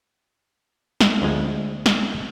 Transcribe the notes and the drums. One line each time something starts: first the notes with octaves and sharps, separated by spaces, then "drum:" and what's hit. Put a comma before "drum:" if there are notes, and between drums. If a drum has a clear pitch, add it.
drum: snare
D2 F3 G#3
drum: snare